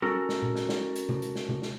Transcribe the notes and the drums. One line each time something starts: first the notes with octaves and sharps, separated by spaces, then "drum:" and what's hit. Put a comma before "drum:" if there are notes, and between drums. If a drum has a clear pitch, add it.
C#4 F#4 A4 A#4, drum: tom G3
drum: snare
drum: tom A#2
drum: snare
drum: snare
drum: hi-hat
drum: tom C3
drum: hi-hat
drum: snare
drum: tom C3
drum: snare